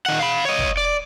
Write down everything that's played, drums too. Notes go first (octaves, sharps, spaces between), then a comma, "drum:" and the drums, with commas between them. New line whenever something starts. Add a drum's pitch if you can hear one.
D#3 F#5
F5 B5
C#5 D#5
drum: kick
D5